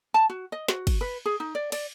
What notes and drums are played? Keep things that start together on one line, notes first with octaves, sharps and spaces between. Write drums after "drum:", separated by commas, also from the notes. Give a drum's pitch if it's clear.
A5
F#4
D#5
F#4, drum: snare
drum: kick, cymbal
B4
G#4
D#4
D5
D5, drum: cymbal